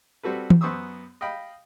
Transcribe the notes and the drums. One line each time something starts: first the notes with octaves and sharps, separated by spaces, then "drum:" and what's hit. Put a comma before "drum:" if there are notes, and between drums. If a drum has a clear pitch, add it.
G3 C4 F#4 A4 B4
drum: tom E3
F#2 B3 C5 C#6 D#6 E6
D#5 F5 G5 B5